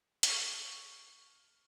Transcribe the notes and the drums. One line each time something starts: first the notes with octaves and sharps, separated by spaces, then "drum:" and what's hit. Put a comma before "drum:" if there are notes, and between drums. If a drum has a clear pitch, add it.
C#6 F6, drum: hi-hat